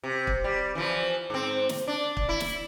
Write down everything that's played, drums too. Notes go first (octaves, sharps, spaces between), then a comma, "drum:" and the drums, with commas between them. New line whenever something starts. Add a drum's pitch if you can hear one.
C3
drum: kick
G3
E3 F3
G#2 C4
drum: snare
D4
drum: kick
E4
drum: snare